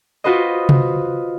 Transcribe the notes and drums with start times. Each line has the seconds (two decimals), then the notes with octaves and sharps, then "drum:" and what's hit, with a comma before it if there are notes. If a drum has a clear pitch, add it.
0.24 F4 F#4 B4 C5 D#5
0.69 drum: tom C3